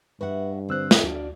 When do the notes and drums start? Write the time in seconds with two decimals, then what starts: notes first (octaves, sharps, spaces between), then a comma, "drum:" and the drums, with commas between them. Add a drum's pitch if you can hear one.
0.21 G2 F#4 B4 E5 F#5
0.69 D3 C4 C5 E6 F#6
0.91 drum: snare
1.03 D2 D4 F4 F#4 D5